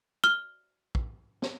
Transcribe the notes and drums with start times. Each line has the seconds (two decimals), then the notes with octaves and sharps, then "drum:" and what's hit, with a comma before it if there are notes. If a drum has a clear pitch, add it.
0.24 F6 G7
0.95 drum: kick
1.42 drum: snare